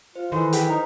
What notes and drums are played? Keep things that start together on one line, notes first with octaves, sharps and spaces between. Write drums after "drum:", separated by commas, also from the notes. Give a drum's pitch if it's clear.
F4 C5
D#3 E3 E4 A4 C6
G5 G6 B6, drum: hi-hat
D#4 B4 C5 A#5